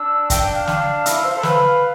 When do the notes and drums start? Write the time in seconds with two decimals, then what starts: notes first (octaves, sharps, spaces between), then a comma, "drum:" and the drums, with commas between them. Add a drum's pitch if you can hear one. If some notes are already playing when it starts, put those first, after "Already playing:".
Already playing: D4 E6
0.30 G5, drum: kick, hi-hat
0.43 G5
0.54 F5
0.67 D4, drum: snare
1.06 E4, drum: hi-hat
1.25 C5
1.37 A4
1.43 B4 F5, drum: snare